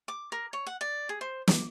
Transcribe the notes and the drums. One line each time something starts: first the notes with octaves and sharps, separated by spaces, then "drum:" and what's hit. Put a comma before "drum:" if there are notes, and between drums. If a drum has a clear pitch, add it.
D6
A#4
C#5
F#5
D5
G#4
C5
D6, drum: snare